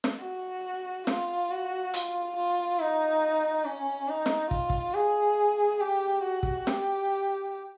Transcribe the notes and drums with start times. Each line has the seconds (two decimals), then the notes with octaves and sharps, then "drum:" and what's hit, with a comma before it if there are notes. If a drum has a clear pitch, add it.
0.04 drum: snare
0.21 F#4
1.07 F4, drum: snare
1.51 F#4
1.94 F4, drum: hi-hat
2.37 F4
2.80 D#4
3.66 C#4
4.08 D#4
4.26 drum: snare
4.51 F4, drum: kick
4.70 drum: kick
4.94 G#4
5.80 G4
6.23 F#4
6.43 drum: kick
6.67 G4, drum: snare